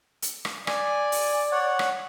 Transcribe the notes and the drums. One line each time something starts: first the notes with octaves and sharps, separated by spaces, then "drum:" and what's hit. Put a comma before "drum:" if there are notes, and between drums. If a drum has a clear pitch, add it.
drum: hi-hat
drum: rim click
D5 G#5, drum: rim click
drum: open hi-hat
C#5 F#5
drum: rim click